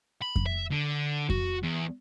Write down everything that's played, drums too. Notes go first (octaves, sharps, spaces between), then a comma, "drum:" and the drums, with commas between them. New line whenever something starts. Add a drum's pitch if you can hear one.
B5
drum: kick F2
E5
D3
F#4, drum: kick F2
E2